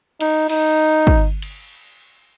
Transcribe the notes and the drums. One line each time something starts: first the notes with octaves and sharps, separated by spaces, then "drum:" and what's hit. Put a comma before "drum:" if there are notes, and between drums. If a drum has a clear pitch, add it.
D#4, drum: cymbal
D#4, drum: cymbal
drum: kick
drum: cymbal